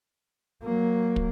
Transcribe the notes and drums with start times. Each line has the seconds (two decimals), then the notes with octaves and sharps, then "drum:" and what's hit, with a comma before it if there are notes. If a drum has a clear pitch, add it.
0.63 F#3 A#3
1.16 drum: kick